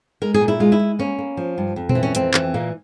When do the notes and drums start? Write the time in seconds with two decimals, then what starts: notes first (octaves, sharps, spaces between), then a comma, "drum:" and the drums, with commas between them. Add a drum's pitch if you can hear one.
0.22 G#3 A#4
0.34 G#4
0.41 A#2
0.48 E4
0.60 G#3 F4
0.72 E4
0.79 G#3
0.99 A#3 C#4
1.18 A#3
1.37 F3
1.58 G2
1.76 F2
1.89 C4, drum: tom A#2
1.95 E3
2.03 C#4
2.15 F2 C4, drum: hi-hat
2.34 E3, drum: clap
2.54 A#2 A#3